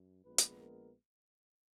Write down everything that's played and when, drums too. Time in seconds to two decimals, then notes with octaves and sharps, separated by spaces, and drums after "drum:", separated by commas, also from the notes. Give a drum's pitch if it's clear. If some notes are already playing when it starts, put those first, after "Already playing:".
Already playing: F#2
0.24 A#1 A#2 G#3 B3 B4
0.38 drum: hi-hat
0.59 A#4